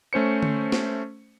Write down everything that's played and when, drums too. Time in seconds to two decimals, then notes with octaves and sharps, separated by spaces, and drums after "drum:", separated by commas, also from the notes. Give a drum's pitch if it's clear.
0.13 A3 C#4 C5 C#7
0.43 drum: tom D3
0.72 drum: snare